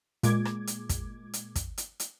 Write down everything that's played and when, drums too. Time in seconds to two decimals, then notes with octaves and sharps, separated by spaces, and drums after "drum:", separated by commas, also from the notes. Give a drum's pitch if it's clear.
0.23 A#2 G#3 D6 G#6, drum: hi-hat
0.45 drum: rim click
0.67 drum: hi-hat
0.89 drum: kick, hi-hat
1.33 drum: hi-hat
1.56 drum: kick, hi-hat
1.78 drum: hi-hat
2.00 drum: hi-hat